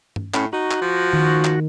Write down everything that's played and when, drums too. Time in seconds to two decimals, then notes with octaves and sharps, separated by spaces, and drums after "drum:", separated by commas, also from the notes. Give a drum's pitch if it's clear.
0.16 drum: tom G2
0.34 A2 C#4, drum: clap
0.53 D#4 F#4
0.71 drum: clap
0.81 F3
1.13 D#3
1.44 drum: clap